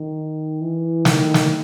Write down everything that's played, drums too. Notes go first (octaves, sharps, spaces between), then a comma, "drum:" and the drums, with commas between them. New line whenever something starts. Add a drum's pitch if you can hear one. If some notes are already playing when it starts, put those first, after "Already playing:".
Already playing: D#3
E3
D#3, drum: snare
drum: snare